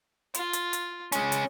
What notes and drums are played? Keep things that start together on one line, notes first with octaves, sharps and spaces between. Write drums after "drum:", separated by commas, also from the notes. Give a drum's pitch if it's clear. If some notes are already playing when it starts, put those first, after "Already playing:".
F4, drum: hi-hat
drum: hi-hat
drum: hi-hat
G#3 C#4, drum: hi-hat
drum: hi-hat